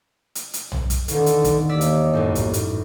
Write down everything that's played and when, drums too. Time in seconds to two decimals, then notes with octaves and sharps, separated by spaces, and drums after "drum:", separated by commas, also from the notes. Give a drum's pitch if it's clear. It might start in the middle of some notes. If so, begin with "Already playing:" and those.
0.35 drum: hi-hat
0.54 drum: hi-hat
0.72 drum: tom B1
0.90 drum: kick, hi-hat
1.08 E1 D3 D#3, drum: hi-hat
1.26 drum: hi-hat
1.44 drum: kick, hi-hat
1.69 D#2 D5 E6 B6
1.81 drum: hi-hat
2.13 G#1 F#2 A2
2.35 drum: kick, hi-hat
2.53 drum: hi-hat